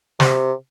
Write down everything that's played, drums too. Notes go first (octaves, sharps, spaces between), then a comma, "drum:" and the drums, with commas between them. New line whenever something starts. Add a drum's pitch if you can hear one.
C3, drum: snare